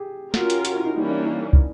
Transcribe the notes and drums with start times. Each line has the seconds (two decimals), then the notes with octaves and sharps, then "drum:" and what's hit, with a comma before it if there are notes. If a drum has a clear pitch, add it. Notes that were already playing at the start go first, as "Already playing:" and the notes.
Already playing: G4 G#4
0.34 C#4 F4 F#4 A#4, drum: snare
0.50 G4, drum: hi-hat
0.65 F#4, drum: hi-hat
0.74 E4
0.84 D#4
0.95 E3 G3 A#3 C#4 D#4
1.09 D4
1.25 D#4
1.53 drum: kick